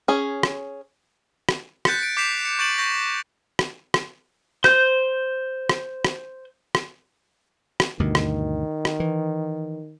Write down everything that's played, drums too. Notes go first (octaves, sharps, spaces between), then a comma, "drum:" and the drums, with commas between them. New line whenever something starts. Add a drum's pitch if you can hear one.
C#4 G#4
drum: rim click
drum: rim click
F#6 G6 A6 B6 C#7, drum: rim click
D7
D6 G6 B6 C7 E7 F7
C#7
C#6 G6 A6 D7 E7 F#7
C#6 G6 A#6
drum: rim click
drum: rim click
C5 G6, drum: rim click
drum: rim click
drum: rim click
drum: rim click
drum: rim click
D2 G2 B2 D#3
drum: rim click
drum: rim click
E3